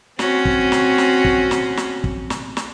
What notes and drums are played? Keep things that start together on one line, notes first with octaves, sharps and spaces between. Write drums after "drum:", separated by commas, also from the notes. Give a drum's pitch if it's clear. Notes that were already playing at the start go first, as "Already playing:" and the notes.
C4 C#4 F#4, drum: snare
drum: kick
drum: snare
drum: snare
drum: kick
drum: snare
drum: snare
drum: kick
drum: snare
drum: snare